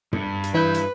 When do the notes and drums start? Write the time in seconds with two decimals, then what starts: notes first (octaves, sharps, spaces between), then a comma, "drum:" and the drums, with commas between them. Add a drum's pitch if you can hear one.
0.13 G2, drum: tom
0.43 drum: hi-hat
0.54 E3 E4 B4 G6
0.74 drum: hi-hat